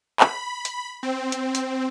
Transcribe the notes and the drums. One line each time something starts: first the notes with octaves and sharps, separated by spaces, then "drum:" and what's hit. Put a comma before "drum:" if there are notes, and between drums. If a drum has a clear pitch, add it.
B5, drum: clap
drum: hi-hat
C4
drum: hi-hat
drum: hi-hat